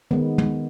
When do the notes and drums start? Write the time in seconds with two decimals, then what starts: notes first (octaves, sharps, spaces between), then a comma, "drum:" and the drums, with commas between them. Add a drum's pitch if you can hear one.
0.11 D#3 G#3 B3
0.38 drum: tom